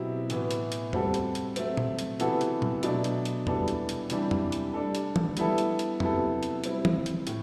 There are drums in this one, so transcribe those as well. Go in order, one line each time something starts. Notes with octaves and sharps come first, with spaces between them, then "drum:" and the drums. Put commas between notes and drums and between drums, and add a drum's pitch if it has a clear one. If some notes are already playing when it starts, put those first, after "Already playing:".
Already playing: B2 F#3 C4 E4 G4
A2 E3 B3, drum: hi-hat
drum: hi-hat
drum: hi-hat
G3 C4 F#4 A4, drum: tom E2
drum: hi-hat
drum: hi-hat
F#3 A3 C4, drum: hi-hat
drum: tom A#2
drum: hi-hat
C3 E3 B3 F#4 A4, drum: hi-hat
drum: hi-hat
drum: tom A#2
B2 F#3 A3 D4, drum: hi-hat
drum: hi-hat
drum: hi-hat
E3 G3 B3 D4 A4, drum: tom E2
drum: hi-hat
drum: hi-hat
C3 E3 G3 D4 G4, drum: hi-hat
drum: tom E2
drum: hi-hat
G3 D4 A4
drum: hi-hat
drum: tom E3
G3 B3 E4 A4, drum: hi-hat
drum: hi-hat
drum: hi-hat
C3 F#3 B3 E4 A4, drum: tom E2
drum: hi-hat
G3 C4 E4, drum: hi-hat
drum: tom E3
drum: hi-hat
A2, drum: hi-hat